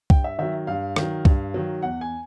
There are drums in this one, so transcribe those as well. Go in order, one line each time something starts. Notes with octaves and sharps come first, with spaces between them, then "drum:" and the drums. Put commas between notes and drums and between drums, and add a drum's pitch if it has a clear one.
G2 G5, drum: kick C2
E5
D#3 F#3 E5
G2 F5
D#3 F#3, drum: rim click
G2, drum: kick C2
D#3 F#3
E2 F#5
G#5